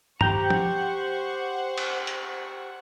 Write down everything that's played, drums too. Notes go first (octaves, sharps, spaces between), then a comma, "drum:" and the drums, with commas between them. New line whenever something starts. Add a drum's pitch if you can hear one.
G4 C5 F#5 G5 A#5 C#6, drum: tom
drum: tom
drum: cymbal
drum: hi-hat